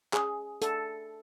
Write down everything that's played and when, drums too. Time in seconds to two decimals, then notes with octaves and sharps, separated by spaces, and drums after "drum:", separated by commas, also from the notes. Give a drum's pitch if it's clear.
0.13 G#4, drum: clap
0.62 A4, drum: hi-hat